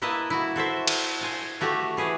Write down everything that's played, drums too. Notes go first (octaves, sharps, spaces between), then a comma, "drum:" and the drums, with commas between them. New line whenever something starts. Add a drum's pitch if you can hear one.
A#3 E4 B4 D#5 E5 A5
E4 F#4
F#4 A4 C5 E5
drum: cymbal
C5 G#5 A5
A3 F#4 G4 E5
E3 G#4 B4 D5